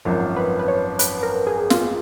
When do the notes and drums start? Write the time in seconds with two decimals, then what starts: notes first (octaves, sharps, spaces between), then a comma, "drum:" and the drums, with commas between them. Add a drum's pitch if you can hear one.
0.05 G#1 F#2 F3 A#4
0.36 B4
0.59 B4
0.68 C#5
0.99 B4, drum: hi-hat
1.23 A#4
1.47 G#4
1.70 F4, drum: snare